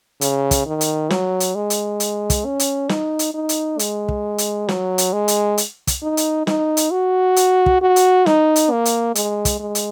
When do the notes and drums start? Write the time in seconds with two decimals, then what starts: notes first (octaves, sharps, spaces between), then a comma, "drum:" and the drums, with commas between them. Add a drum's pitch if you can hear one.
0.21 C#3, drum: hi-hat
0.51 drum: kick, hi-hat
0.66 D#3
0.81 drum: hi-hat
1.10 F#3, drum: snare
1.40 drum: hi-hat
1.55 G#3
1.70 drum: hi-hat
2.00 drum: hi-hat
2.30 drum: kick, hi-hat
2.45 C#4
2.59 drum: hi-hat
2.89 D#4, drum: snare
3.19 drum: hi-hat
3.34 D#4
3.49 drum: hi-hat
3.79 G#3, drum: hi-hat
4.09 drum: kick
4.38 drum: hi-hat
4.69 F#3, drum: snare
4.98 drum: hi-hat
5.13 G#3
5.28 drum: hi-hat
5.58 drum: hi-hat
5.87 drum: kick, hi-hat
6.03 D#4
6.17 drum: hi-hat
6.47 D#4, drum: snare
6.77 drum: hi-hat
6.91 F#4
7.36 drum: hi-hat
7.66 drum: kick
7.82 F#4
7.96 drum: hi-hat
8.26 D#4, drum: snare
8.56 drum: hi-hat
8.71 A#3
8.85 drum: hi-hat
9.15 G#3, drum: hi-hat
9.45 drum: kick, hi-hat
9.60 G#3
9.75 drum: hi-hat